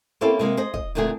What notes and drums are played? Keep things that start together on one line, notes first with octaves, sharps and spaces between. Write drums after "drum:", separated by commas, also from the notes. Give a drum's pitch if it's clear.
A#3 C4 C#4 E4 G4 A4
C3 G#3 A#3
G#4 C5 D#5
D#5, drum: kick
F2 A#2 D3 A3 F#4 G#4